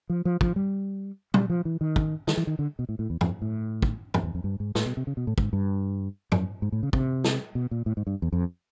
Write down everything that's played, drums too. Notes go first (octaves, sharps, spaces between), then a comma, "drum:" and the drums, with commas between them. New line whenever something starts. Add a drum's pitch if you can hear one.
F3
F3
F3, drum: kick
G3
G3, drum: tom
F3
E3
D#3
drum: kick
D#3, drum: snare
E3
D#3
D3
B2
A2
A2
E2
F2, drum: tom
A2
drum: kick
F2, drum: tom
E2
F2
G2
G#2
A2, drum: snare
B2
C3
C#3
B2
A2
G#2, drum: kick
G2
F#2, drum: tom
G#2
A2
C#3
C3, drum: kick
drum: snare
B2
A#2
A2
G#2
G2
E2
F2